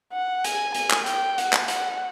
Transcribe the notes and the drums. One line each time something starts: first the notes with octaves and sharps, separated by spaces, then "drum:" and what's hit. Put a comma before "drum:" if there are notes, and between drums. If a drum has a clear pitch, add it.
F#5
G#5, drum: hi-hat
G#5, drum: hi-hat
drum: clap
G5, drum: hi-hat
F#5, drum: hi-hat
drum: clap
F#5, drum: hi-hat